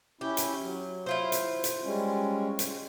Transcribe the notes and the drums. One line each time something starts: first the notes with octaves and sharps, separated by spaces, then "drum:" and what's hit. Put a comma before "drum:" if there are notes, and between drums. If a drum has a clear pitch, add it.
C#4 E4 G4
drum: hi-hat
F#3
E4 F4 C5
drum: hi-hat
drum: hi-hat
G3 G#3 C#4
drum: hi-hat